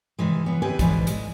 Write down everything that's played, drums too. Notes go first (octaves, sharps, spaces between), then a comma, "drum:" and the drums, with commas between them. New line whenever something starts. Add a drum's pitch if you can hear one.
C3 D#3 E3 G#3
E3 B3
D#2 C4 G4 B4 G#5
G#2 B2 D3 E3 F3, drum: kick, hi-hat
G#3, drum: hi-hat